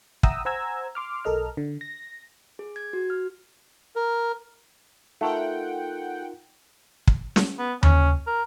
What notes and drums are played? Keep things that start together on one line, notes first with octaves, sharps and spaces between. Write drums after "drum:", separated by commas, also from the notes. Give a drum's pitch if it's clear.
E5 F#5 G5 A#5 D#6 E6, drum: kick
C5 F#5 G#5 A#5 E6 G#6
C6 D6 F6
B1 A4 A#4 D#5 F6
D3
A#6
G#4
G#6
F#4
F6
A#4
A3 D#4 F4 A#4 F#5 G5
drum: kick
drum: snare
B3
C#4, drum: tom D#2
A#4